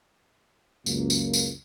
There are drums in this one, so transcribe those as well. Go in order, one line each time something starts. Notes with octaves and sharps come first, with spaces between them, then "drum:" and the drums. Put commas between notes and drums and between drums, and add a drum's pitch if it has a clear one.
C#2 F#2 A#3, drum: tambourine
drum: tambourine
drum: tambourine